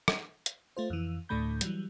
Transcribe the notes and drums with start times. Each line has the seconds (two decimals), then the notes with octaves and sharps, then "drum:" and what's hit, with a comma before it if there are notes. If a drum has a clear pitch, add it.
0.08 drum: rim click
0.46 drum: hi-hat
0.77 A3 F4 C5
0.90 F2 E3
1.29 D2 A2 D3 A3 B5 G6
1.61 E3 F#3 G3, drum: hi-hat